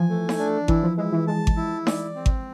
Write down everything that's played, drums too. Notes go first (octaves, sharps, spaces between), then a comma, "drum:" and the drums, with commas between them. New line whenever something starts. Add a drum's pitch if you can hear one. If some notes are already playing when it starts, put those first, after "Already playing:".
Already playing: E3 F3 G#5
A3
drum: snare D#4
D4
E3 E4, drum: kick G#1
F3
G#3 E4
E3
G#3 A5
drum: kick G#1
E4
D5, drum: snare D#4
C4
drum: kick G#1